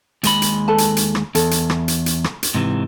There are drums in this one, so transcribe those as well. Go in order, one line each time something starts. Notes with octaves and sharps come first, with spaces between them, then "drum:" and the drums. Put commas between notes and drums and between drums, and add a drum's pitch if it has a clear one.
D#2 G#3 B5, drum: hi-hat
drum: hi-hat
A4 B4 A5
drum: hi-hat
drum: hi-hat
drum: rim click
E2 A4, drum: hi-hat
drum: hi-hat
drum: rim click
drum: hi-hat
drum: hi-hat
drum: rim click
drum: hi-hat
G#2 C3 E3